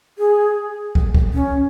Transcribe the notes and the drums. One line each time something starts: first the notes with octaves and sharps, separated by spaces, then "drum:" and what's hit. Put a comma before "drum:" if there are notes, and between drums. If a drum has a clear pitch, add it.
G#4
drum: kick
drum: kick
C#4